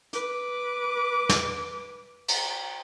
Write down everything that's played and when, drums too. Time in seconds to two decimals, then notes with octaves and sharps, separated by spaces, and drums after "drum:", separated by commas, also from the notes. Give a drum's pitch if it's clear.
0.13 B4 D6, drum: hi-hat
1.29 drum: snare
2.28 drum: cymbal